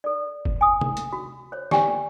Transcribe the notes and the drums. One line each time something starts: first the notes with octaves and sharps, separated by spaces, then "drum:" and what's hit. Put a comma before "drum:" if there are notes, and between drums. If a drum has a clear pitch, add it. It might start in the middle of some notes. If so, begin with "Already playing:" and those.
A4 D5
drum: kick
G#5 D#6
drum: tom C3
drum: hi-hat
F#4
C5 C#5
G4 D5 G5 G#5 C#6, drum: snare